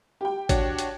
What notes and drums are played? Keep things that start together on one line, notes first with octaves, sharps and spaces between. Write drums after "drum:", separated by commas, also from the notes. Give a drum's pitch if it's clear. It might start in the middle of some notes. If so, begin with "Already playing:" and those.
G4 G5
D4 F#4 C#5, drum: kick A1, hi-hat
drum: hi-hat